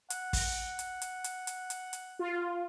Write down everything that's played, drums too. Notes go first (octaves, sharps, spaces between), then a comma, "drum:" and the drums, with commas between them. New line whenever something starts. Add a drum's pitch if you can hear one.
F#5, drum: hi-hat
drum: kick, open hi-hat
drum: hi-hat
drum: hi-hat
drum: hi-hat
drum: hi-hat
drum: hi-hat
drum: hi-hat
F4